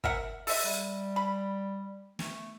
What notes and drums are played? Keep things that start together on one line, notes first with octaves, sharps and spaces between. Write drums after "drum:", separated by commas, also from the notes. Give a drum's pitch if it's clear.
A#4 E5 F#5, drum: kick
A4 D#5 E5, drum: open hi-hat
G3
B5
A3, drum: snare